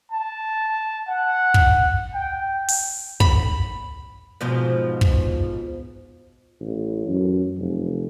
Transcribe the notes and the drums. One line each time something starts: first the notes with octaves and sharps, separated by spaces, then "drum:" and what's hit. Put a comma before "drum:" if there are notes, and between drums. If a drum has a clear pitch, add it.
A5
F#5
drum: kick
G5
drum: open hi-hat
B5, drum: kick
G#2 B2 F3
drum: kick
A1
F#2
F1